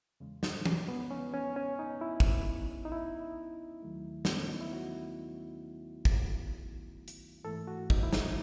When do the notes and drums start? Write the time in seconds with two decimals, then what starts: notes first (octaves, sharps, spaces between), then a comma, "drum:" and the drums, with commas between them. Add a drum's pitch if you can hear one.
0.20 E2 C#3 G#3
0.43 D#4, drum: snare
0.65 C#4, drum: tom
0.88 B3
1.11 C#4
1.34 C#4
1.56 C#4
1.79 D#4
2.01 E4
2.20 drum: kick
2.85 D#4
2.92 E4
3.82 D#2 D#3 F#3 A3
4.25 B3, drum: snare
4.37 C#4
4.49 D#4
4.61 E4
4.73 F#4
6.05 drum: kick
7.08 drum: hi-hat
7.45 G#2 E3 A3 A4
7.67 F#4
7.90 D#4, drum: kick
8.03 E4
8.13 D#4, drum: snare